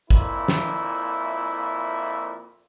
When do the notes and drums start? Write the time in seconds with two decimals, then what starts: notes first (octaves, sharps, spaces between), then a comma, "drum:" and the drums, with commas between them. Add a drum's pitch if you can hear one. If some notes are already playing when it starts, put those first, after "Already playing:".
0.10 F2 A#2 E4, drum: kick
0.48 drum: snare